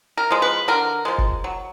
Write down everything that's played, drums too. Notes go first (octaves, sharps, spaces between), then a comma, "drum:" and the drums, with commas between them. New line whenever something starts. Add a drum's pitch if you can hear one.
A#4
F3 G#3
B4
D3 A#4
F3 G#3
drum: kick F#1
F#3